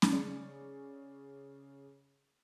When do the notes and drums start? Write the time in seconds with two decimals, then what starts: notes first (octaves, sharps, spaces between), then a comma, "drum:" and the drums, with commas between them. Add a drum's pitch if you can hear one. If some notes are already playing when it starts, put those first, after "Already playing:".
0.02 drum: snare C#4
0.12 C#3 C#4 D5 C#7